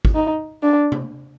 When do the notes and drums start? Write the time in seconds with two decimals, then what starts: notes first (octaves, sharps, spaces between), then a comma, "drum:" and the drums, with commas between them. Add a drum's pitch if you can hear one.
0.05 drum: kick
0.15 D#4
0.63 D4
0.92 drum: tom C3